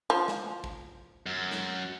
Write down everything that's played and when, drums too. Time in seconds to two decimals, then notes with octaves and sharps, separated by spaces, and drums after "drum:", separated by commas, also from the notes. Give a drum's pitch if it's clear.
0.10 F3
0.28 drum: snare
0.64 drum: kick
1.26 F#2
1.52 drum: snare